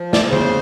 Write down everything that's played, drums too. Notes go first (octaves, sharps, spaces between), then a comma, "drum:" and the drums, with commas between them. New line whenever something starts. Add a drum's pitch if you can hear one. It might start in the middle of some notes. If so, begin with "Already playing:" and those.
Already playing: F3
D5, drum: snare
C#3
C5, drum: tom D3